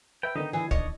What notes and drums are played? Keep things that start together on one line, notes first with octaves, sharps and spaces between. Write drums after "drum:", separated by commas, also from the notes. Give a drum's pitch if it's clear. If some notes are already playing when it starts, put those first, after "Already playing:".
B4 E5 G5
D3 D#3 B3 D#4 G4 D#5
E3 G#4
D4 C#5 D#5, drum: kick